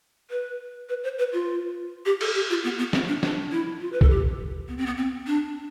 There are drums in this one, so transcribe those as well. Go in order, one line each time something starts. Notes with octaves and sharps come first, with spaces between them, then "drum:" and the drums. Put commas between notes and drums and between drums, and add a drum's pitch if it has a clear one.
B4
B4
C5
B4
F4
G4
A4, drum: cymbal
G4
F4
B3
B3
C4, drum: snare
D4
D4, drum: snare
E4
F4
B4
A4, drum: kick B1
G4
B3
C4
B3
C4
D4